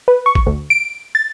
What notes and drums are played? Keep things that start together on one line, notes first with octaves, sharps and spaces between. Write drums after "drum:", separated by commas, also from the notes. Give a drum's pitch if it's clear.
B4
C#6
drum: kick G#1
D2
D7
A6